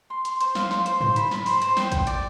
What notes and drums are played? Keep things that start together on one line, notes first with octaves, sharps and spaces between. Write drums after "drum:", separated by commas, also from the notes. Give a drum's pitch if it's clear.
C6
C6, drum: hi-hat
C5, drum: hi-hat
F5, drum: snare
C5, drum: snare
C5, drum: hi-hat
C5, drum: tom G#2
B5, drum: hi-hat
B5, drum: snare
C5, drum: open hi-hat
C5, drum: hi-hat
G5, drum: snare
G5, drum: kick, hi-hat
D5, drum: hi-hat